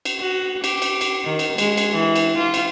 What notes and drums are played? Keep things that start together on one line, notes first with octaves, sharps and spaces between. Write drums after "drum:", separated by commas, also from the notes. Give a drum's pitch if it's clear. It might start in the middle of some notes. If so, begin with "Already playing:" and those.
drum: cymbal
F#4
G4, drum: cymbal
drum: cymbal
drum: cymbal
D#3
drum: cymbal
G#3, drum: cymbal
drum: cymbal
E3
drum: cymbal
F4
drum: cymbal